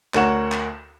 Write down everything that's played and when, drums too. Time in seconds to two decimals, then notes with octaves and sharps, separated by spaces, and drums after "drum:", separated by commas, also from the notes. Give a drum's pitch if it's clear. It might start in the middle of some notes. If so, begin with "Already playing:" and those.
0.14 D2 A#4 C#5 F#5 C#6 E7, drum: clap
0.52 drum: clap